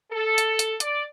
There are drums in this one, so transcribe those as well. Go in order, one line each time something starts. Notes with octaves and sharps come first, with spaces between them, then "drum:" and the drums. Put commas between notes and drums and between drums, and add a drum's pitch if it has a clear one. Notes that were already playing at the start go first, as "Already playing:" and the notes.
A4
drum: hi-hat
drum: hi-hat
D5, drum: hi-hat